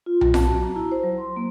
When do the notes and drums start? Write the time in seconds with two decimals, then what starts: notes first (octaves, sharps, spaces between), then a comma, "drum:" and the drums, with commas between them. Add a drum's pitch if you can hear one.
0.06 F4
0.21 F#3, drum: tom B1
0.34 A5, drum: snare F4
0.47 F#4
0.62 A#5
0.76 E4
0.91 C5
1.03 F#3
1.18 C6
1.36 A#3